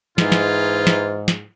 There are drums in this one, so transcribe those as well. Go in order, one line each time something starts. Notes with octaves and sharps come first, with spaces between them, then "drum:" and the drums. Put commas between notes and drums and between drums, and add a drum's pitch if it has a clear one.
G#2 E3 D#4 F4, drum: snare
drum: snare
drum: snare
drum: snare